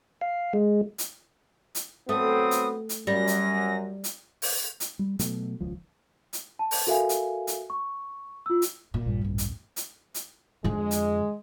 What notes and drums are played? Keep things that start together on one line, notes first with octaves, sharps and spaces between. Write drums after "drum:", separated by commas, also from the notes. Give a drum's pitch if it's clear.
F5
G#3
drum: hi-hat
drum: hi-hat
F#3 A3 B3 C4 D#6
drum: hi-hat
drum: hi-hat
F#2 G3 A#6
drum: hi-hat
drum: hi-hat
drum: open hi-hat
drum: hi-hat
G3
B2 F#3 A3, drum: hi-hat
D#1 C#2 F3
drum: hi-hat
A5
drum: open hi-hat
F#4 A4 A#4 E5 F5 G#5
drum: hi-hat
drum: hi-hat
C#6
F4 E6
drum: hi-hat
A#2
A#1 G2
A1 D#2
drum: hi-hat
drum: hi-hat
drum: hi-hat
F2 D3 G#3
drum: hi-hat